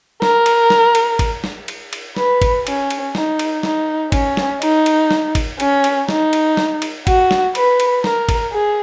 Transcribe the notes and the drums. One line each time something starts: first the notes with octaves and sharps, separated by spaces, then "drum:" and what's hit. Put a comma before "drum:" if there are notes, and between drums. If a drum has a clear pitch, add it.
A#4, drum: snare
drum: cymbal
drum: snare
drum: cymbal
drum: kick A1, cymbal
drum: snare
drum: cymbal
drum: cymbal
B4, drum: snare
drum: kick A1, cymbal
C#4, drum: cymbal
drum: cymbal
D#4, drum: snare
drum: cymbal
D#4, drum: snare
C#4, drum: kick A1, cymbal
drum: snare
D#4, drum: cymbal
drum: cymbal
drum: snare
drum: kick A1, cymbal
C#4, drum: cymbal
drum: cymbal
D#4, drum: snare
drum: cymbal
drum: snare
drum: cymbal
F#4, drum: kick A1, cymbal
drum: snare
B4, drum: cymbal
drum: cymbal
A#4, drum: snare
drum: kick A1, cymbal
G#4